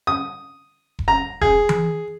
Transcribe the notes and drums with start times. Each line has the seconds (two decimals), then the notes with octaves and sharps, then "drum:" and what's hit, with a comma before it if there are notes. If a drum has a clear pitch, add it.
0.07 D#6
0.99 drum: kick E1
1.08 A#5
1.42 G#4, drum: kick E1
1.69 drum: tom E3